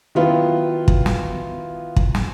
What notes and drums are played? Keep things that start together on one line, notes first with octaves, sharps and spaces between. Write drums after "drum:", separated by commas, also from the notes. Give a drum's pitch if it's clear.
D#3 F#3 B3 E4 F4
drum: kick
drum: snare
drum: kick
drum: snare